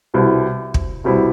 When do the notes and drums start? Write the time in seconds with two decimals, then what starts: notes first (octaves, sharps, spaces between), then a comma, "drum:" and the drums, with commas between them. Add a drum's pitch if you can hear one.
0.14 C2 B2 G3 C4 E4
0.74 drum: kick
1.04 C2 B2 G3 C4 E4